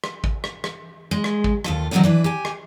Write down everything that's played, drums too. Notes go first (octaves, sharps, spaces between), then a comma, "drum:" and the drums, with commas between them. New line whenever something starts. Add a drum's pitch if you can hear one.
drum: rim click
drum: kick
drum: rim click
drum: rim click
G#3
drum: rim click
drum: kick
D#2 F4 A4, drum: rim click
D#3 F#3 G#3 A3 B3 C#4
E3 D4 B4
G4 G#5
drum: rim click